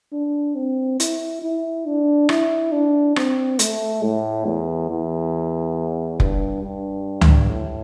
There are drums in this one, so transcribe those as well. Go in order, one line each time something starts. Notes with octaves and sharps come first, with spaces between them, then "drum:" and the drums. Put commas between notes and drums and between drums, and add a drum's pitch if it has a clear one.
D4
C4
E4, drum: hi-hat
E4
D4
E4, drum: rim click
D4
C4, drum: rim click
A3, drum: hi-hat
A2
E2
E2
G2, drum: kick F1
G2
drum: tom C#2
A2